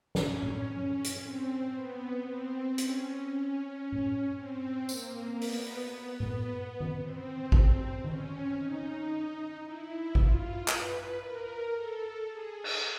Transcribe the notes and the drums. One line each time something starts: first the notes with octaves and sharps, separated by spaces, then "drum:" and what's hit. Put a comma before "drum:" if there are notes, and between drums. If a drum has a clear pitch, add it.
C#4, drum: snare
drum: tom A2
C#4
drum: hi-hat
C4
B3
C4
C#4, drum: hi-hat
C#4
drum: tom A2
C4
A#3, drum: tambourine
B3, drum: open hi-hat
drum: tom A2
drum: tom D#3
C4
drum: kick G#1
C#4, drum: tom D#3
D#4
E4
F4, drum: kick G#1
B4, drum: clap
A#4
A4
G#4
drum: cymbal